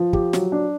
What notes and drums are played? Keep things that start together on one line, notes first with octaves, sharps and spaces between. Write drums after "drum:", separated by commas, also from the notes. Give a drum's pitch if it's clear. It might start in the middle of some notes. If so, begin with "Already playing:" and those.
Already playing: F3
G4, drum: kick
F#3, drum: snare
D4